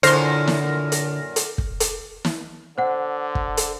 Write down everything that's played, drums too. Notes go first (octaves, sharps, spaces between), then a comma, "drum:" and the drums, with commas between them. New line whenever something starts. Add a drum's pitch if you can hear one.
F#2 A#2 D3 E4 C5 C6 F6 A#6, drum: hi-hat
drum: snare
drum: hi-hat
drum: hi-hat
drum: kick
drum: hi-hat
drum: snare
D3 C5 F#5
drum: kick
drum: hi-hat